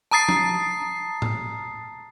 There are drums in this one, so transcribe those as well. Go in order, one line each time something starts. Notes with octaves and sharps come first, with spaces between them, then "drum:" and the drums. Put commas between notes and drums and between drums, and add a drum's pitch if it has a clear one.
A5 A#5 D#6 A6 C7
drum: tom
drum: tom A2